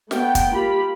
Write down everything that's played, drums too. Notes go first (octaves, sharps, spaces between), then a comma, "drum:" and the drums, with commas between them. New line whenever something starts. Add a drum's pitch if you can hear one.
A3 B3 G5, drum: snare
drum: kick, hi-hat
A#3 F4 G4 B5